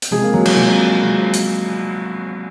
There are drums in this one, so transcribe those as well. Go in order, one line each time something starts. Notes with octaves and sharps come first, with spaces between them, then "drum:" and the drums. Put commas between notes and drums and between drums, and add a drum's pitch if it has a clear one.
drum: hi-hat
C3 F3 G#3 G#4
A#3
F#3
A#3, drum: cymbal
C3 F3 G#3
C3 F3 G#3
drum: hi-hat